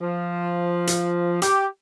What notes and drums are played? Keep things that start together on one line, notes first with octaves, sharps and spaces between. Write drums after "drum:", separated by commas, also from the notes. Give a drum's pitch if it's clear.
F3
drum: hi-hat
G4, drum: hi-hat